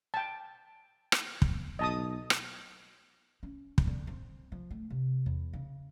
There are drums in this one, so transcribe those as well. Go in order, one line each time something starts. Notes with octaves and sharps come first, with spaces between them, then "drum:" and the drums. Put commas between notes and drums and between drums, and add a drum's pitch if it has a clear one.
G5 A5
drum: rim click
drum: kick
B1 D#5 A5 D#6
drum: rim click
C#4
drum: kick
D3
C4
F3
A3
C3
E2
C#3